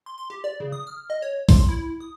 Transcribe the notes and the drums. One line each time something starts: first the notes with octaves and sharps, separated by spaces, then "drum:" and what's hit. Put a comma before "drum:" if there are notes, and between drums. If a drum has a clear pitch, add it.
C6
C6
G4
D5
C#3
D#6
F6
D#5
C#5
C6, drum: kick, open hi-hat
E4
D#6